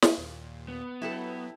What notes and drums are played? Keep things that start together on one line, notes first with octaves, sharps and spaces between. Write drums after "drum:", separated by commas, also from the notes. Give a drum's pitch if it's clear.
drum: snare
D#2 A#2
B3
F#3 E4 G4 A4